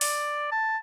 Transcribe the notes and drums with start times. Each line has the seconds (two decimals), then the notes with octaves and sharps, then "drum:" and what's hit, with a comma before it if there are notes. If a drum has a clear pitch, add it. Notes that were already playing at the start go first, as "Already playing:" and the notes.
0.01 D5, drum: open hi-hat
0.52 A5